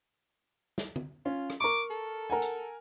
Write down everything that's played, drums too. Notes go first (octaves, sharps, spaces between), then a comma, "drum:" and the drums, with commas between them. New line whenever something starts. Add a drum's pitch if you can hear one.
drum: snare
drum: tom
C#4 F4
drum: rim click
A#4 C#6 D6
A4
A#4 F#5 G#5
drum: hi-hat